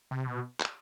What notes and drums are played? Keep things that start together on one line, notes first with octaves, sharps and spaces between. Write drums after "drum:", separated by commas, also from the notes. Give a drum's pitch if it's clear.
C3
B2
drum: clap